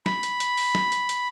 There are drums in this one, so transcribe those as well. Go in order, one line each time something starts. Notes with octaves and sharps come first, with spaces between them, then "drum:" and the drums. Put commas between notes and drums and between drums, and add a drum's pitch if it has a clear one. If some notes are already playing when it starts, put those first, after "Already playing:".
B5, drum: snare
drum: hi-hat
drum: hi-hat
drum: open hi-hat
drum: snare
drum: hi-hat
drum: hi-hat